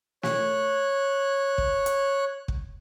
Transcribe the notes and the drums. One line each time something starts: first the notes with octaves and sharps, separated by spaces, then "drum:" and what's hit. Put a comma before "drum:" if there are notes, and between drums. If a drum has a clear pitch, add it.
C#5 F#6, drum: snare
drum: kick
drum: hi-hat
drum: kick